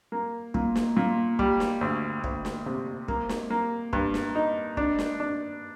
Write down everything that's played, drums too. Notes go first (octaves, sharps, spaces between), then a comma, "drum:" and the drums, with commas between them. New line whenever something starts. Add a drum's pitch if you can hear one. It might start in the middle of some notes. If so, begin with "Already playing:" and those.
A#3
A#2, drum: kick
drum: snare
A#2
G3, drum: kick
drum: snare
D2
D2, drum: kick
drum: snare
C3
A#3, drum: kick
drum: snare
A#3
G2, drum: kick
drum: snare
D#4
D4, drum: kick
drum: snare
D4